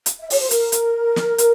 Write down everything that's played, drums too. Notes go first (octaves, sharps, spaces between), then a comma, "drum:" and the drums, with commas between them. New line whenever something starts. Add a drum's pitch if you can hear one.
drum: hi-hat
E5
C#5, drum: open hi-hat
C5
A#4, drum: hi-hat
drum: hi-hat
drum: snare
drum: hi-hat